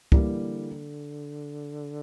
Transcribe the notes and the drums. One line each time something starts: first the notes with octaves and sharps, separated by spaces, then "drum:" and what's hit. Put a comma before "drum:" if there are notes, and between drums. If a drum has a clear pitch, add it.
D3 E3 G3 A#3, drum: kick